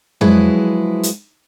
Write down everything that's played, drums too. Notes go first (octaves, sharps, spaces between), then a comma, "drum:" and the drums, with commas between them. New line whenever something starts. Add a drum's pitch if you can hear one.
F3 F#3 G#3 E4 G#4 B4, drum: tom
drum: hi-hat